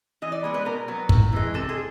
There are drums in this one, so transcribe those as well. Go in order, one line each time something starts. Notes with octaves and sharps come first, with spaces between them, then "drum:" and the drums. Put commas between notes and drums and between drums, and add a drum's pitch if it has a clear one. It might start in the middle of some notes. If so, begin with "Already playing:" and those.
E3 D#5
D5
G#3 B3
B4
B2 A#4
F#3 B3
A2, drum: kick
E3 G#3
C3 A4
G#4